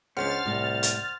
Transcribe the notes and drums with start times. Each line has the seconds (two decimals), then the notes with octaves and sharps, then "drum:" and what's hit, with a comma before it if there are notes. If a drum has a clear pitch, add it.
0.17 C#2 C#4 D4 C5 F#5 F6 A6
0.46 C2 A2 A3
0.83 drum: hi-hat